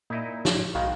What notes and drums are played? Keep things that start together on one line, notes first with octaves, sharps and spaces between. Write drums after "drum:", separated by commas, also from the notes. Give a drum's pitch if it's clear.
A#2 A#3 D#4 E4 D#5
drum: snare
A2 C#6
B1 B2 D#3 G#3 F#4 F5